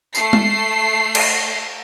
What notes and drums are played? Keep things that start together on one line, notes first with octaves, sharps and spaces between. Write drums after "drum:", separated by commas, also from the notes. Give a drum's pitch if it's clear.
A3 C7, drum: tambourine
drum: tom G#3
drum: cymbal